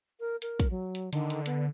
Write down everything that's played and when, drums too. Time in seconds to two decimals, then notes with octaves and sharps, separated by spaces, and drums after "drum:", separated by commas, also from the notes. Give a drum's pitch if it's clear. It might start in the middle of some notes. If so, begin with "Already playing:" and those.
0.20 A#4
0.42 A#4, drum: hi-hat
0.60 drum: kick, hi-hat
0.70 F#3
0.95 drum: hi-hat
1.13 D3 D#3, drum: hi-hat
1.30 drum: hi-hat
1.46 B3, drum: hi-hat